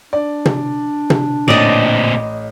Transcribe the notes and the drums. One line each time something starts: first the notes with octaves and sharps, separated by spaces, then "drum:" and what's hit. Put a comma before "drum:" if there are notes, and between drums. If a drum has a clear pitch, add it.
D4 D5
drum: tom
drum: tom
A1 A#2 C4 D5 D#5 D#6 D#7